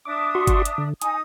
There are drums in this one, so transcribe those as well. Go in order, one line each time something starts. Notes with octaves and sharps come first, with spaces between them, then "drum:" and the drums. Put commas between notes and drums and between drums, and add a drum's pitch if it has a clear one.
D4 E5 D6 D#6
F#4 C6 C#6
drum: kick G1, hi-hat
drum: hi-hat
D3
D#4 G#5 D#6, drum: hi-hat